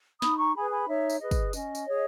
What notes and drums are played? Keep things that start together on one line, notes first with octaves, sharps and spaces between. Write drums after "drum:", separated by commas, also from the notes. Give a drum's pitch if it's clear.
D#4 B5 D#6, drum: snare
A#5 C#6
G#4 B4 G#5 B5
G#5 B5
D#4 C#5 E5
drum: tambourine
G#4 B4 D#5
drum: kick, tambourine
C#4 D#5, drum: tambourine
drum: tambourine
G#4 C#5